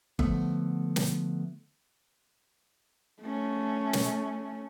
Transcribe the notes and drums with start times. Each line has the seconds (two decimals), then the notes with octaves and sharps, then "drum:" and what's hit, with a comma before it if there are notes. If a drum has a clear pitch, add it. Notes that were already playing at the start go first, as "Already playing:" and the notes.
0.19 D3 F3 A3 B3, drum: kick G1
0.96 drum: snare
3.23 A3 C#4
3.93 drum: snare